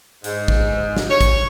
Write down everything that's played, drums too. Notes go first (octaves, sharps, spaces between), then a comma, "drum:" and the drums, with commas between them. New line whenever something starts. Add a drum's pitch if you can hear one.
G#2, drum: hi-hat
drum: kick
drum: snare
C#5
drum: kick, hi-hat